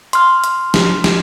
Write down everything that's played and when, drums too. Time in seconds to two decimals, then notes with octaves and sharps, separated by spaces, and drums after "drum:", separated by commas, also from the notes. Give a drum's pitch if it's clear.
0.13 C6 F6, drum: hi-hat
0.44 drum: hi-hat
0.74 drum: snare
1.04 drum: snare